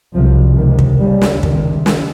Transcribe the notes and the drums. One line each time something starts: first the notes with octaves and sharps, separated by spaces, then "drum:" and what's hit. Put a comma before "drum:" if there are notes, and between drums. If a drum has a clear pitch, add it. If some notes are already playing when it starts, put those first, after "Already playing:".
C2 C3 F3
C#2 C3 D#3
drum: kick
D#2 C#3 G3
drum: snare
C#2 C3 D#3, drum: kick
drum: snare